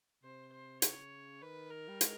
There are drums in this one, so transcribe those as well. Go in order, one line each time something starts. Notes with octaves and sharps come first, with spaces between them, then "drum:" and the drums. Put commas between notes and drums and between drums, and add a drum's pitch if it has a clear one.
C3 C5
C5
C#3 C#5, drum: hi-hat
D#3 B4
A#4
G3
G#3, drum: hi-hat